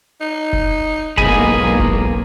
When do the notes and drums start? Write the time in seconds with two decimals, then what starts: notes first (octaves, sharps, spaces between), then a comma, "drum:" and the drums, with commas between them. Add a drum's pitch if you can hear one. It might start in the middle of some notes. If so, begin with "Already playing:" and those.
0.21 D#4
0.53 drum: kick F1
1.17 B1 G#2 B2 A#3 G#4 D#5 G#5 B5, drum: kick F1
1.79 drum: kick F1